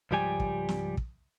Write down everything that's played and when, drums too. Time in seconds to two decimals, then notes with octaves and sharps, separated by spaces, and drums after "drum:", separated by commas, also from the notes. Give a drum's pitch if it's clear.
0.11 C#2 G#2 F3 G3 G4 G#5
0.40 drum: kick
0.69 drum: snare
0.97 drum: kick